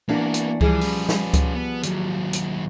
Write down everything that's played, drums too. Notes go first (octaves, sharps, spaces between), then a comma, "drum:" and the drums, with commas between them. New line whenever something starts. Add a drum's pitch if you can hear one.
E3 A#3 B3 D4 F#4
drum: hi-hat
E3 F3 G3 G#4, drum: kick C#2
C#4 B4, drum: open hi-hat
drum: snare
drum: kick C#2, hi-hat
B3
D#2 F#3, drum: hi-hat
drum: hi-hat